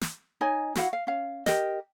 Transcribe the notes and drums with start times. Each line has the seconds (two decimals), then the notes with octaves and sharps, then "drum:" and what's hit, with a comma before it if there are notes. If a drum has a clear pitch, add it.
0.01 drum: snare
0.41 D#4 C#5 D#5 G#5
0.75 E4 F#4 F5 F#5, drum: snare
0.93 F5
1.07 C#4 F5
1.46 G4 A#4 D#5, drum: snare